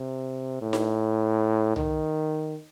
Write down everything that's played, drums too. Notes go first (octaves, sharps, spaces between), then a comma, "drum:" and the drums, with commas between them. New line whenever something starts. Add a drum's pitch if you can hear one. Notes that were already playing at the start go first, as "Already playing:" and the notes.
Already playing: C3
A2
drum: snare D#4
D#3, drum: tom C2